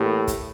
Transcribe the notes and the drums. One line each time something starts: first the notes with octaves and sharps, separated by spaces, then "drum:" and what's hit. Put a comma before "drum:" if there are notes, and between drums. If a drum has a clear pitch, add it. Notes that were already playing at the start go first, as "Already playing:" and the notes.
Already playing: A2 E3 A#3 E4 G4
drum: kick, hi-hat